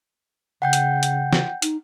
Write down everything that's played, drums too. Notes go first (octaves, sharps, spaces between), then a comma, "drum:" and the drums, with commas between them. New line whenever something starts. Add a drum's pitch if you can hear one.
C#3 F#5 G5 G6
drum: hi-hat
drum: hi-hat
drum: snare
D#4, drum: hi-hat